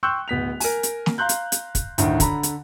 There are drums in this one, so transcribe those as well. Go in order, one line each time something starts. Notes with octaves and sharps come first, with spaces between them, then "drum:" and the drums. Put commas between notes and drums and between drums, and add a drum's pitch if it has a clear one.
G5 C6 C#6 E6 F#6 G6
D1 B3 B6 F7
A#4 G#5, drum: open hi-hat
drum: hi-hat
drum: snare
F5 A#5 C6 F#6 G6
drum: hi-hat
drum: hi-hat
drum: kick, hi-hat
D2 A2 D3 D#3, drum: hi-hat
D3 A#5 B5, drum: kick, hi-hat
drum: hi-hat